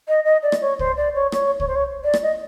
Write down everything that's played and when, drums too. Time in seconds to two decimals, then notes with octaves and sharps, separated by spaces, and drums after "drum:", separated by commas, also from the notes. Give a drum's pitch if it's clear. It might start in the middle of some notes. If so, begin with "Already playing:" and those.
0.08 D#5
0.25 D#5
0.43 D5
0.52 drum: rim click
0.61 C#5
0.79 C5, drum: kick C2
0.97 D5
1.15 C#5
1.32 C#5, drum: rim click
1.60 C#5, drum: kick C2
1.68 C5
1.75 C#5
2.04 D5
2.13 drum: rim click
2.23 D#5